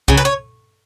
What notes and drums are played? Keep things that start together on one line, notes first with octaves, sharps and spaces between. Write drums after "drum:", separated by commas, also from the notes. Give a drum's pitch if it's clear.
C#3 F#3 G#4, drum: kick C2
B4
C#5